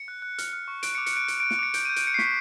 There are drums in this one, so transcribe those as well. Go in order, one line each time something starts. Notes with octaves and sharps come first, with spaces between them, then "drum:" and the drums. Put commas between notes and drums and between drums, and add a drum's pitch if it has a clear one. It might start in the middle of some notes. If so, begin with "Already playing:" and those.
Already playing: C#7
F#6
F#6
F6, drum: hi-hat
F6
C#6
F#6 D7, drum: hi-hat
C#7
D6
C#7, drum: hi-hat
F#6 D7
F#6 D7, drum: hi-hat
D7
F#6
D7, drum: snare
D6 C#7
G6 D7, drum: hi-hat
G6 D#7
D7, drum: hi-hat
G6 C#7
C7
C#6 B6, drum: snare